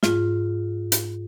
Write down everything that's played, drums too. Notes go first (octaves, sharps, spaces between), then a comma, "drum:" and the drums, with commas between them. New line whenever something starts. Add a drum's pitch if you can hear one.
G#2 F4, drum: snare
drum: hi-hat